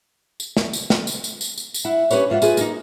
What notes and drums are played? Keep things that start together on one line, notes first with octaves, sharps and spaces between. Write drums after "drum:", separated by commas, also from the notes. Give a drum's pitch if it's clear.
drum: tambourine
drum: snare
drum: tambourine
drum: snare
drum: tambourine
drum: tambourine
drum: tambourine
drum: tambourine
drum: tambourine
E4 F#5
C#4 E4 G4 B4 C#5, drum: tambourine
G#2 F4 E5 F#5
F4 G#4 B4, drum: tambourine
A#3 D#4, drum: tambourine